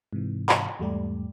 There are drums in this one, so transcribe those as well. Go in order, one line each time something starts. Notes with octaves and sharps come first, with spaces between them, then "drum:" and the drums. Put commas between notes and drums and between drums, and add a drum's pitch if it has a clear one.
G#2 C3 E3
drum: clap
E2 G#2 G3 A3 G4 D5